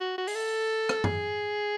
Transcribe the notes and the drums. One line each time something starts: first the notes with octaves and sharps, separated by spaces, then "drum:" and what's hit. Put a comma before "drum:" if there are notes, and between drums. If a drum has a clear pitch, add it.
F#4
F#4
G#4, drum: open hi-hat
A4
drum: rim click
G#4, drum: tom F#2